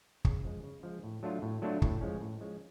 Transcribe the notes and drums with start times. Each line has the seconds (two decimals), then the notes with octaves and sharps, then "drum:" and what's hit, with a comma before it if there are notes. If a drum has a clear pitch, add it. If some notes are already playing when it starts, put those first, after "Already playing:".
0.25 C#3, drum: kick
0.44 F3 G#3
0.64 C#3
0.83 F3 G#3
1.04 A2
1.23 F#3 A3 D4 F4
1.42 A2
1.62 F#3 A3 D4 F4
1.82 A2, drum: kick
2.01 F3 G#3 C#4
2.21 A2
2.41 F3 G#3 C#4